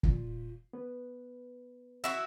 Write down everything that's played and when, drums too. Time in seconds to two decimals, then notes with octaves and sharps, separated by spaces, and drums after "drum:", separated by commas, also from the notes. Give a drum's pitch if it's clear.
0.03 A#2 F4, drum: kick
0.73 B3 B4
2.04 E4 F#4 E5